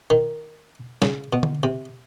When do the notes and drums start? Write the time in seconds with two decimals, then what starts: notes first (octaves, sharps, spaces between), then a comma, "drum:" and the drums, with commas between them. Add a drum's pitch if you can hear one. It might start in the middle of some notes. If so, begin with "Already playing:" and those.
0.10 D#3
1.02 C#3, drum: snare
1.33 B2
1.43 drum: tom D3
1.63 C3